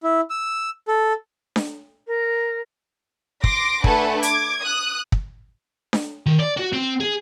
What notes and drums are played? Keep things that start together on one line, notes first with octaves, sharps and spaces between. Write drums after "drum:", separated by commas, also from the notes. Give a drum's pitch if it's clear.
E4
E6
A4
drum: snare D4
A#4
C6 D6 A#6, drum: kick
A3 D4 A4 B4 F#5 G#5, drum: kick
D6 G#6, drum: hi-hat
D#6 F#6
drum: kick
drum: snare D4
D#3
D5
F#4
C4
G#4